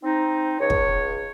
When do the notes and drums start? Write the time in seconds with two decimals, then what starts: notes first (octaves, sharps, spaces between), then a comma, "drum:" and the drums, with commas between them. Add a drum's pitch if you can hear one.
0.04 C4 D#4
0.60 C#2 C#5
0.70 drum: kick